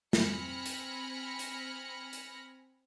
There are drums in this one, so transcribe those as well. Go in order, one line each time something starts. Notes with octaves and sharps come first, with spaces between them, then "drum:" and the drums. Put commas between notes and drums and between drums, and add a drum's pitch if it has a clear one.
C4 G#5 B5 F6 A#6 C#7, drum: snare
drum: hi-hat
drum: hi-hat
drum: hi-hat